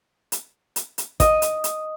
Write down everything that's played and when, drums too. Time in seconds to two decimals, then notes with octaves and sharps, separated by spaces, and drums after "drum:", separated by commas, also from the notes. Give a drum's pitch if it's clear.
0.32 drum: hi-hat
0.76 drum: hi-hat
0.98 drum: hi-hat
1.20 D#5, drum: kick, hi-hat
1.42 drum: hi-hat
1.64 drum: hi-hat